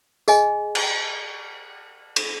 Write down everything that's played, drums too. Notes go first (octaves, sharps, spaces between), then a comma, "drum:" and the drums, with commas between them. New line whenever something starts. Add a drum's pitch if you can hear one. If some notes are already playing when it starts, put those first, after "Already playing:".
G#4 D#5 G#5, drum: tambourine
drum: cymbal
drum: cymbal